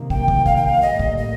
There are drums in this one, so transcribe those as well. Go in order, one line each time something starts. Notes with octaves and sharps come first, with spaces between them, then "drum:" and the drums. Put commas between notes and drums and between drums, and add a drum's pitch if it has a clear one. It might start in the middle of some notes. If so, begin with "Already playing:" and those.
Already playing: C3 D#3 A#3
G5, drum: kick
drum: kick
F5, drum: kick
G5
F5
A2 G3 A#3 D#5
drum: kick
D#5